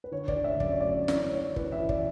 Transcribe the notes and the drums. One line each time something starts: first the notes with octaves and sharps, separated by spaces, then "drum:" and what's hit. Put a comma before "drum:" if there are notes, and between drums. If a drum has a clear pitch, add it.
B4
D3 C#5
D5, drum: kick
D3
E5
F#2 D5, drum: kick
C#5
F#2 D5
C#5
E3 D5, drum: snare
E3 C#5
E3 B4, drum: kick
E5
E3
D5, drum: kick